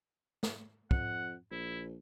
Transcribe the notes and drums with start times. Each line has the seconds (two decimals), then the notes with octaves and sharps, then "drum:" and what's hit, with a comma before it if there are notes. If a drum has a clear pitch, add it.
0.43 drum: snare
0.91 F2 F#5, drum: kick
1.51 A#1 E4